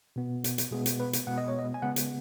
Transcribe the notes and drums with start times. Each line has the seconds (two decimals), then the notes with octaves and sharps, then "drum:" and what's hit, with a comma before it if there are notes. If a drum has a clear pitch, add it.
0.16 B2 B3
0.44 drum: hi-hat
0.58 drum: hi-hat
0.71 B2 G#3 B3 G#4
0.86 drum: hi-hat
1.00 B4
1.13 drum: hi-hat
1.27 B2 G#3 B3 F#5
1.38 D#5
1.48 C#5
1.59 D#5
1.74 G#5
1.82 C#3 G#3 B3 F#5
1.96 drum: hi-hat